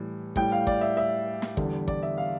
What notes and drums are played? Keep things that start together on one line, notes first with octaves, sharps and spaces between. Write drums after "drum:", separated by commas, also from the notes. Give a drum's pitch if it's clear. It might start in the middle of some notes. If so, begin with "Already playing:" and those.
Already playing: A2 E3 G3
A2 G3 G5, drum: kick
F5
D5, drum: kick
E5
E5
drum: snare
E2 D3 G3, drum: kick
D5, drum: kick
E5
F5